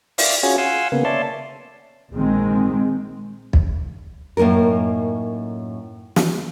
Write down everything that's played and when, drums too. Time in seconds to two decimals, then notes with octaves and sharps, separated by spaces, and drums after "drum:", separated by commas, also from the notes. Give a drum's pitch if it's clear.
0.18 D5 E5 F5, drum: open hi-hat
0.43 C#4 F4 F#4 G#4 C#5
0.58 F5 F#5 G#5 C6 E6
0.92 C#3 A#3 B3
1.05 C#5 D5 E5 A5 C6
2.12 A#1 D#3 G#3 C4
3.53 drum: kick
4.37 F#2 A2 A#3 D#4 A#4
6.16 drum: snare